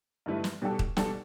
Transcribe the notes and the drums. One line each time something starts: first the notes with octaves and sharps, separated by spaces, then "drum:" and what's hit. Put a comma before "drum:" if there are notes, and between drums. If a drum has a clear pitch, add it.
G2 D3 A3 E4 B4
drum: snare
B2 G3 D4 A4
drum: kick
B2 G3 D4 A4, drum: snare